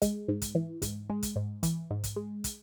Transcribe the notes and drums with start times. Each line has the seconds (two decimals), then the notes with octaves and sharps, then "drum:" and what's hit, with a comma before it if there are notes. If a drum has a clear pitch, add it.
0.02 G#3, drum: kick, hi-hat
0.28 G#2
0.42 drum: kick, hi-hat
0.55 E3
0.82 G#2, drum: kick, hi-hat
1.10 G#3
1.23 drum: kick, hi-hat
1.36 G#2
1.63 E3, drum: kick, hi-hat
1.91 G#2
2.04 drum: kick, hi-hat
2.16 G#3
2.44 drum: kick, hi-hat